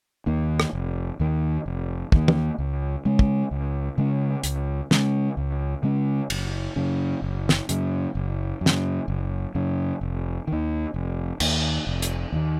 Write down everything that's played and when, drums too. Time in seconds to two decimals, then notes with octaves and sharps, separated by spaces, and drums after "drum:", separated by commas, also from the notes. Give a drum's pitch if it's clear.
0.26 D#2 D#3 A#3
0.60 drum: rim click
0.73 F1
1.20 D#2 D#3 A#3
1.66 F1
2.12 D#2 D#3 A#3, drum: kick
2.28 drum: tom
2.58 C#2
3.05 C#3 G#3 C#4
3.19 drum: kick
3.51 C#2
3.98 C#3 G#3 C#4
4.44 C#2, drum: hi-hat
4.91 C#3 G#3 C#4, drum: snare
5.37 C#2
5.83 C#3 G#3 C#4
6.30 F#1, drum: cymbal
6.76 F#2 C#3
7.22 F#1
7.49 drum: snare
7.69 F#2 C#3, drum: hi-hat
8.15 F#1
8.61 F#2
8.66 C#3, drum: snare
9.08 F#1
9.55 F#2 C#3
10.01 F1
10.48 D#2 D#3
10.94 F1
11.40 D#2 D#3, drum: cymbal
11.87 F1
12.02 drum: hi-hat
12.33 D#2 D#3